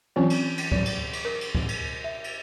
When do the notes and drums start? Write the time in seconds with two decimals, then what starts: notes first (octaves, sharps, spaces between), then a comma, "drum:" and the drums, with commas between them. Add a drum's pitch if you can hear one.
0.16 E3 F#3 C4 C#4 F4
0.30 drum: cymbal
0.58 drum: cymbal
0.72 F#3, drum: kick C#2
0.85 drum: cymbal
1.13 drum: cymbal
1.25 A#4
1.41 drum: cymbal
1.55 drum: kick C#2
1.69 drum: cymbal
2.04 E5
2.24 drum: cymbal